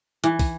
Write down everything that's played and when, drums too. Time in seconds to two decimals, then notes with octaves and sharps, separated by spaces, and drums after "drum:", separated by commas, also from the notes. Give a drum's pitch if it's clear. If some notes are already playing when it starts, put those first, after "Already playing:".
0.24 E3, drum: hi-hat
0.39 drum: kick, open hi-hat